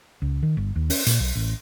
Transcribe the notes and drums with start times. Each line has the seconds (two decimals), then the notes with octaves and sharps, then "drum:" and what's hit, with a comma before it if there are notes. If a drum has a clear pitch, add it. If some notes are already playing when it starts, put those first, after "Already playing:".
0.22 C#2
0.43 D#3
0.57 G1
0.76 D#2
0.90 C#4, drum: open hi-hat
1.06 A#2, drum: hi-hat
1.20 B1
1.36 A1